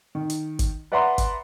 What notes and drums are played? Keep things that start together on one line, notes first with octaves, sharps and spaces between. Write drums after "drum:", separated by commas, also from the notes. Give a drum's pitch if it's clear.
D#3
drum: hi-hat
drum: kick G1, hi-hat
B4 D5 E5 F#5 A#5 C6
drum: kick G1, hi-hat